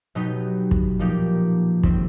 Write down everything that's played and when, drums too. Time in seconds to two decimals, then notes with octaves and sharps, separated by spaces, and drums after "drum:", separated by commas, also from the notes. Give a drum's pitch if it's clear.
0.15 B2 F#3 B3 D#4 G4
0.71 drum: kick
0.99 A#2 F3 A#3 D#4 G4
1.83 D#3 G3 C4, drum: kick